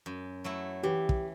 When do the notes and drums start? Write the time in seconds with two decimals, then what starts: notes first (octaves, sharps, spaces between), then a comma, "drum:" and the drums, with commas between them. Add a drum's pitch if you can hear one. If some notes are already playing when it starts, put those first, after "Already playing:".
0.06 F#2
0.44 F#3 A3 E4
0.83 E3 G4
1.09 drum: kick